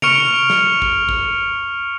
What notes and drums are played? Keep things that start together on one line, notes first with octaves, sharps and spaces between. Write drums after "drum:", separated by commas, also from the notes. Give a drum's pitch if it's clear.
C#6 F6 C#7 D7 F7, drum: tom C3
drum: snare
drum: kick
drum: kick